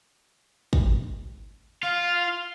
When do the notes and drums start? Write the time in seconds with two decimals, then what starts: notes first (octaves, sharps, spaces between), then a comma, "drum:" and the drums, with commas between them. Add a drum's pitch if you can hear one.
0.73 drum: kick
1.83 F4 F5